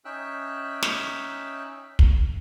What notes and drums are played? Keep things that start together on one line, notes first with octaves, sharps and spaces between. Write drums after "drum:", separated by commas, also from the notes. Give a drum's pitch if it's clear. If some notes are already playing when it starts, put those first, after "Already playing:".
C#4 D#4 E5 G5 E6 F#6
drum: snare
drum: kick